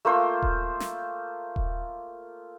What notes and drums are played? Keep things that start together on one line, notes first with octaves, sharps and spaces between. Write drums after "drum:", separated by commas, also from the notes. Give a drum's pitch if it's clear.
A3 A#3 F4 C5
drum: kick D#1
drum: snare
drum: kick D#1